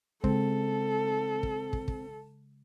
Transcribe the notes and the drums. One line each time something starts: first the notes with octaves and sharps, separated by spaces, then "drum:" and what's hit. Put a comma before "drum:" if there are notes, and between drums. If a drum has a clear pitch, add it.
C#3 G#3 C4 A4, drum: kick
drum: kick
drum: kick
drum: kick